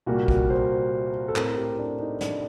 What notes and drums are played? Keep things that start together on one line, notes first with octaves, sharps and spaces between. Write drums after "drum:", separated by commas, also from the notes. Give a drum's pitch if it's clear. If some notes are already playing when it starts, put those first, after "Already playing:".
C2 A#2 G3 A#3 F#4
F#4, drum: kick
C5
A4
A2 A3 C4 A#4, drum: clap
G4
D4
D#4
D4, drum: snare